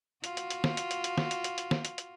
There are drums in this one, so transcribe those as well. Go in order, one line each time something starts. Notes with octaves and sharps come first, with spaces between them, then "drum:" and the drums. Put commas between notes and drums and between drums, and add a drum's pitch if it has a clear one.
F4 F#4, drum: hi-hat
drum: hi-hat
drum: hi-hat
drum: snare
drum: hi-hat
drum: hi-hat
drum: hi-hat
drum: snare
drum: hi-hat
drum: hi-hat
drum: hi-hat
drum: snare
drum: hi-hat
drum: hi-hat